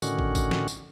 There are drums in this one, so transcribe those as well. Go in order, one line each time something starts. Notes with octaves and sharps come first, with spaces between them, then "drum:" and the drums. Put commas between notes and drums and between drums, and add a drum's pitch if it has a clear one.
A2 D3 D#3 C#4 F#4, drum: tambourine
drum: kick
drum: kick, tambourine
drum: snare
drum: tambourine